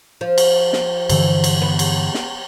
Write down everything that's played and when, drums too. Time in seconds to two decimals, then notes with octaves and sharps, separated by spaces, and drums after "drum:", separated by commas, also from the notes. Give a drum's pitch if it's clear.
0.21 F3
0.38 drum: cymbal
0.73 drum: snare
1.09 G2 D3 E3, drum: cymbal
1.44 drum: cymbal
1.61 B3
1.79 drum: cymbal
2.14 drum: snare